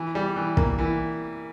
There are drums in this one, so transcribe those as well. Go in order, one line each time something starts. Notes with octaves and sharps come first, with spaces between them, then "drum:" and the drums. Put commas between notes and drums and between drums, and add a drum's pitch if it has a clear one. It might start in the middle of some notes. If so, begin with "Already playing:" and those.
Already playing: E3
G3
E3
A#3, drum: kick
E3